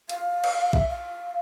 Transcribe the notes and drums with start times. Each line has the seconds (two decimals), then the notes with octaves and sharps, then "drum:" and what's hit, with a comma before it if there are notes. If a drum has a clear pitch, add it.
0.09 F5, drum: hi-hat
0.44 drum: cymbal
0.73 E5, drum: kick A#1
0.89 F5